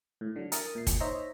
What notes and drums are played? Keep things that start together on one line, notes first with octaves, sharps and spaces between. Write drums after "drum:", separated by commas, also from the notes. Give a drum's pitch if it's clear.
A2
D3 F#3
A#4 E5 D#6 A6, drum: hi-hat
A#2 C7
drum: kick, hi-hat
D#4 C5 C#5 D#5 E5 A#5